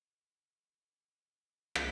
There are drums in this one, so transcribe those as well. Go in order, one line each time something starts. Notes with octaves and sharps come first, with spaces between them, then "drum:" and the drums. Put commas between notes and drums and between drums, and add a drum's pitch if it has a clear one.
A2 E3 G#3 C#4 C#5
A3 A4
A2 E3 G#3 G#4
G#4
drum: rim click